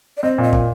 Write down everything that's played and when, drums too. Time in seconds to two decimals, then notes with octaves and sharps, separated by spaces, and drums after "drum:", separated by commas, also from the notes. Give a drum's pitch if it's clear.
0.17 D5
0.23 C4 D#5
0.38 A#2
0.43 D#5
0.53 A#2, drum: kick